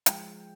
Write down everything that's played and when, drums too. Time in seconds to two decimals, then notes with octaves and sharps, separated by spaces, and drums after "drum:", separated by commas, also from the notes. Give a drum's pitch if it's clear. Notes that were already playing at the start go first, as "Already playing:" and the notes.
0.06 F3 G#3 G5, drum: hi-hat